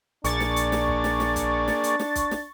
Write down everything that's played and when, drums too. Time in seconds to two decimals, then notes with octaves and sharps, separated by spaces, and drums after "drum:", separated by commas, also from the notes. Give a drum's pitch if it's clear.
0.24 A#1 A#3 D4 G#4 D5 C#6 A6, drum: hi-hat
0.40 drum: snare
0.56 drum: hi-hat
0.72 drum: snare
0.88 drum: kick
1.04 drum: snare
1.20 drum: snare
1.36 drum: kick, hi-hat
1.68 drum: snare
1.84 drum: hi-hat
2.00 drum: snare
2.15 drum: kick, hi-hat
2.31 drum: snare